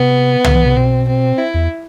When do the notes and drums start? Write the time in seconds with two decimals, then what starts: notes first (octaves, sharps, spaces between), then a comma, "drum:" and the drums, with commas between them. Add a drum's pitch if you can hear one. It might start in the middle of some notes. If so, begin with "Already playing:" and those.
Already playing: C3 B3
0.44 D3, drum: tom
0.54 E3
0.65 C3
0.76 B2 C4
1.07 C4
1.38 E4
1.54 E2